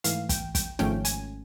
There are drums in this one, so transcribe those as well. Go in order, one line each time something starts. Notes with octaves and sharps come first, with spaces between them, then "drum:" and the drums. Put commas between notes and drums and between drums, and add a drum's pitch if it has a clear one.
G#2 E3 A3 F5, drum: hi-hat
G5, drum: kick, hi-hat
G5, drum: kick, hi-hat
G#1 G#2 F3 A3 C#4 G5, drum: snare
G#5, drum: hi-hat